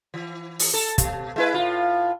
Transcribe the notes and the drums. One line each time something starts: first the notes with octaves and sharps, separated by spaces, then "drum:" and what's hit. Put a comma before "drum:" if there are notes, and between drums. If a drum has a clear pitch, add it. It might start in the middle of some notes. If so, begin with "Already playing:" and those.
E3
drum: open hi-hat
A4
B2, drum: kick, hi-hat
G#3 E4 B4
A2 F4